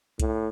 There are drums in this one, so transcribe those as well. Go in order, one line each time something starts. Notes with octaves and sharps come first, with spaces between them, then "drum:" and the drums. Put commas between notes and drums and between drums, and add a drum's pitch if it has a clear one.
A2, drum: kick C2, hi-hat